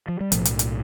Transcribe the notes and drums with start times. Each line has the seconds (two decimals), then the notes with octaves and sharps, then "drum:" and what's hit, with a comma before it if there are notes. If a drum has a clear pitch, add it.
0.08 F3
0.21 G3
0.32 B1 A2 F3 A3, drum: hi-hat
0.45 drum: hi-hat
0.59 drum: hi-hat